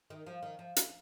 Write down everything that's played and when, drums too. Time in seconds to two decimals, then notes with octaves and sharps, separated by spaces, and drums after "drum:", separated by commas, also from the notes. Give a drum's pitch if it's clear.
0.10 D#3
0.26 F3
0.43 D#3
0.59 F3
0.76 drum: hi-hat